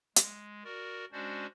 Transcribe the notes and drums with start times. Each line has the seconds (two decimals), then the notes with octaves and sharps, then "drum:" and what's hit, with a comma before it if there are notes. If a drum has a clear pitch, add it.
0.16 G#3, drum: hi-hat
0.64 F#4 A#4 D5
1.12 G#3 C#4 D4 F#4 C5 D5